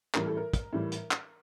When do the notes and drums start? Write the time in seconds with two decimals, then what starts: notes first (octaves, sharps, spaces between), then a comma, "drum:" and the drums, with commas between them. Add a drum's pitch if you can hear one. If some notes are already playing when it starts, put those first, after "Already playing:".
0.14 A2 E3 G3 A#4, drum: clap
0.26 A4
0.37 A#4
0.54 drum: kick, hi-hat
0.73 A2 E3 G3
0.92 drum: hi-hat
1.11 drum: clap